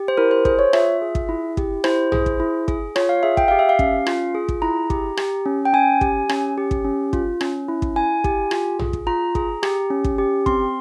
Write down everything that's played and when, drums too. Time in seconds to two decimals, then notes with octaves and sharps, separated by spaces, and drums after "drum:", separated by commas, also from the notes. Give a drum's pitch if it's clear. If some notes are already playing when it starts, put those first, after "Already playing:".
Already playing: G4
0.08 C5
0.17 E4 A#4
0.31 C5
0.45 G#4 C5, drum: kick
0.59 C#5
0.73 F4 E5, drum: rim click
1.02 G#4
1.15 drum: kick
1.29 E4
1.57 G4, drum: kick
1.84 E4 C5, drum: rim click
2.12 G#4, drum: tom A#1
2.26 drum: kick
2.40 E4
2.68 G#4, drum: kick
2.96 F4 C#5, drum: rim click
3.09 F5
3.23 G#4 E5
3.37 G5, drum: kick
3.48 G4 F5
3.59 E5
3.69 F5
3.79 C#4, drum: kick
4.07 F4, drum: rim click
4.35 G#4
4.49 drum: kick
4.62 E4 A#5
4.90 G4, drum: kick
5.17 G4, drum: rim click
5.46 C#4
5.65 G5
5.73 C#4 G#5
6.01 G4, drum: kick
6.29 C#4, drum: rim click
6.58 G4
6.71 drum: kick
6.84 C#4
7.13 F4, drum: kick
7.41 C#4, drum: rim click
7.68 E4
7.82 drum: kick
7.96 E4 G#5
8.24 G4, drum: kick
8.51 F4, drum: rim click
8.79 G#4, drum: tom A#1
8.93 drum: kick
9.07 F4 A#5
9.35 G#4, drum: kick
9.63 G4, drum: rim click
9.90 C#4
10.04 drum: kick
10.18 G4
10.46 C4 C6, drum: kick